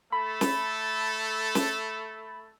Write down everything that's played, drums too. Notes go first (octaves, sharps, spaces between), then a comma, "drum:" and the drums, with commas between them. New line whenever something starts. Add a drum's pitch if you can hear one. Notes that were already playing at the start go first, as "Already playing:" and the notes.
A3 A4 B5
drum: snare
drum: snare